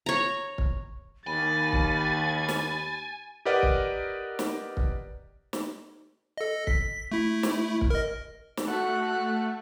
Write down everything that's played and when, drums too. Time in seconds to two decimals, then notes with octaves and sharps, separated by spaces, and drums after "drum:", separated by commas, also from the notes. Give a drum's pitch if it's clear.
0.06 C#5 A#5
0.58 drum: kick
1.27 D#2 G#5 B5 A6
1.72 drum: kick
2.49 drum: snare
3.45 G4 A#4 B4 D5 D#5 F#5
3.63 drum: kick
4.39 drum: snare
4.77 drum: kick
5.53 drum: snare
6.37 A4 D#5
6.67 B6, drum: kick
7.12 A3 E4
7.43 drum: snare
7.81 drum: kick
7.90 A#4 D#5
8.57 drum: snare
8.67 A3 F#4 F#6